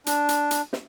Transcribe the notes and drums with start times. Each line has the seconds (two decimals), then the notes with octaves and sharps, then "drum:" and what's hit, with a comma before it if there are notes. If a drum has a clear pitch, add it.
0.06 D4, drum: hi-hat
0.29 drum: hi-hat
0.51 drum: hi-hat
0.73 drum: snare